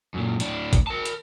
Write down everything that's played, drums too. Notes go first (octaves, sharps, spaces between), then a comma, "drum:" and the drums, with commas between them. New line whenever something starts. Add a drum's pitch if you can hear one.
F#2 A#2
A2 D4, drum: hi-hat
drum: kick, hi-hat
A#4 A5
drum: hi-hat